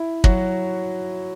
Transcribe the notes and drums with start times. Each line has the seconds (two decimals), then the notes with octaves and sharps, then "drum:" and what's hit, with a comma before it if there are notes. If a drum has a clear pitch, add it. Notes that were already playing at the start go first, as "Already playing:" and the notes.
Already playing: E4
0.24 F#3 F#4, drum: kick